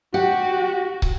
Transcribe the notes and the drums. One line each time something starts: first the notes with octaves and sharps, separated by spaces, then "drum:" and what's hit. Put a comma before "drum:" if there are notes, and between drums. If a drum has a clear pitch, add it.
F#4 G4 F#5
drum: kick